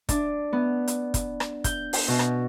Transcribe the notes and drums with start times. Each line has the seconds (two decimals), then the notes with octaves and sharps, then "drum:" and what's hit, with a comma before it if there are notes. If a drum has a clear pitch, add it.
0.09 D4, drum: kick, hi-hat
0.53 B3
0.88 drum: hi-hat
1.14 drum: kick, hi-hat
1.40 drum: rim click
1.64 G6, drum: kick, hi-hat
1.93 drum: open hi-hat
2.08 B2
2.19 drum: rim click